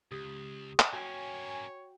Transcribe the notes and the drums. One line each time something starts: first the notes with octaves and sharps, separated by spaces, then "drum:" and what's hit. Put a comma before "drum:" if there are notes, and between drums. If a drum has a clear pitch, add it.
C#2 G4 D#6
drum: clap
A#3 C#4 F#4 C#5 G5 G#5